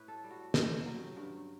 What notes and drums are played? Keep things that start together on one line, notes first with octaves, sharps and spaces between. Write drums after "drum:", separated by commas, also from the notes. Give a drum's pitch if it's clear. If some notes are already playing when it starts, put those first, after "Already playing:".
Already playing: A2 B4 C#5
A4
G3
F#4
C#4 G4, drum: snare
F#3
G2